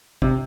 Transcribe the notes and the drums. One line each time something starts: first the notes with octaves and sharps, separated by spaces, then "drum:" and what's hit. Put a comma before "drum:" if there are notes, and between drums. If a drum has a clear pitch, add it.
C3, drum: kick